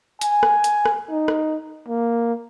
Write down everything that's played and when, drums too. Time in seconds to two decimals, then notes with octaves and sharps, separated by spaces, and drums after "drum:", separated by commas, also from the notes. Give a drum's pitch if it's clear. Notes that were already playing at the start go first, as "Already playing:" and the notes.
0.21 G#5, drum: hi-hat
0.43 drum: rim click
0.64 drum: hi-hat
0.85 drum: rim click
1.10 D#4
1.28 drum: rim click
1.88 A#3